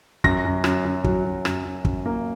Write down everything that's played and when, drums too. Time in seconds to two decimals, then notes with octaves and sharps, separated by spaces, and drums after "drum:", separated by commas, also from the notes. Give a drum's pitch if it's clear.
0.24 F#2 A#6, drum: kick
0.45 F#2
0.64 F#2, drum: rim click
0.85 F#2
1.04 F#3, drum: kick
1.24 F#2
1.45 F#2, drum: rim click
1.65 F#2
1.85 F#2, drum: kick
2.06 A#3